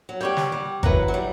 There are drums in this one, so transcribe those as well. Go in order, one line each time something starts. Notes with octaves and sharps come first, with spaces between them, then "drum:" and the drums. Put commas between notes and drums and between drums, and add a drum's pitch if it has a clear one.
F#3
G3 G4 C#5 G5
drum: snare
G3
F#3 E4 B4 F#5 A#5, drum: kick G#1
F#3
G3